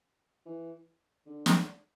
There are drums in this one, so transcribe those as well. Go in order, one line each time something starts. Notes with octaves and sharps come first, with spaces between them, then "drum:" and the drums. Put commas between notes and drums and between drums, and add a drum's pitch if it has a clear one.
E3
D3
drum: snare